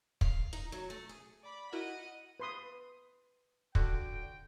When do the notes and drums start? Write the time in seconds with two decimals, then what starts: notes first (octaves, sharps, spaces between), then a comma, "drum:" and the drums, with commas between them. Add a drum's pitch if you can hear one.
0.21 F5, drum: kick
0.53 D#4
0.72 F#3
0.90 A3
1.09 G#4
1.43 D5 B5
1.72 E4 F#4 A#4 D#5 F#5
2.40 B4 C6 D#6
3.75 D3 F#4 G5, drum: kick